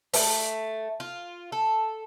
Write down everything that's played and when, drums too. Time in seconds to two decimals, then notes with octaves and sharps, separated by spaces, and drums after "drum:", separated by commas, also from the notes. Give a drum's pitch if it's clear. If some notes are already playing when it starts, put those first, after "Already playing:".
0.13 A3, drum: open hi-hat
1.00 F4
1.52 A4